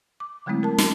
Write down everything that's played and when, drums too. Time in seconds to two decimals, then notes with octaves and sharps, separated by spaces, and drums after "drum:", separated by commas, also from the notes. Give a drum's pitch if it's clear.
0.20 D6
0.46 D3 F#3 G#3 A3 C4 E4
0.63 A#4 A5
0.78 C#4, drum: snare